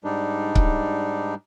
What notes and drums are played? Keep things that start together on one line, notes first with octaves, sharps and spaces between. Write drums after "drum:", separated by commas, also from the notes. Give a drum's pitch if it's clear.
G#2 G3 D4 D#4
drum: kick C#1